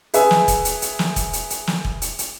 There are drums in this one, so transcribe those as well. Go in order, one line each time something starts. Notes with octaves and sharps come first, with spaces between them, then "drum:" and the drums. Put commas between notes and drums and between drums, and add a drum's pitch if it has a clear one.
G#4 B4 E5 G#5 E6, drum: hi-hat
drum: snare
drum: kick E1, hi-hat
drum: hi-hat
drum: hi-hat
drum: snare
drum: kick E1, hi-hat
drum: hi-hat
drum: hi-hat
drum: snare
drum: kick E1
drum: hi-hat
drum: hi-hat